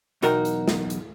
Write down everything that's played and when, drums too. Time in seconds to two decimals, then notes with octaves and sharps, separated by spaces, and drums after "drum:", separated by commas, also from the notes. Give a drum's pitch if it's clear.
0.22 B1 E2 D#4 F#4 A#4 G5, drum: hi-hat
0.45 drum: hi-hat
0.68 drum: snare
0.90 drum: hi-hat